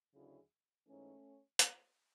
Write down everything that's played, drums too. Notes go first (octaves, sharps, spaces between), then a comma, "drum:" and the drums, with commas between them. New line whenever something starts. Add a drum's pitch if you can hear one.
D2 C#3 F#3 E4 G#4
G#2 E3 A3 C#4
drum: hi-hat